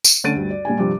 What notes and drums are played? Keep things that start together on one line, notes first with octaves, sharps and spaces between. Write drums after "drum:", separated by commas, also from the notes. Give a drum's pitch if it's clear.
drum: tambourine
D3 A3 C#4 A6 D7 D#7
D2 G2
D5
A#2 G3 G4 G#5
G2 C3 F3 D6